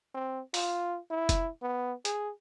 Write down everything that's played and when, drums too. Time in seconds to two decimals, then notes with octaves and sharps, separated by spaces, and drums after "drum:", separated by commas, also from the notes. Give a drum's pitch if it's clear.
0.15 C4
0.54 F4, drum: open hi-hat
1.11 E4
1.29 drum: kick F1, hi-hat
1.62 B3
2.05 G#4, drum: hi-hat